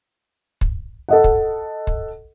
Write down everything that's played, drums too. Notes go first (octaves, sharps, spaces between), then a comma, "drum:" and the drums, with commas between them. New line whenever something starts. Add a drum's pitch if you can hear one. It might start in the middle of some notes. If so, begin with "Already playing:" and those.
drum: kick
A4 D#5 F#5
drum: kick
drum: kick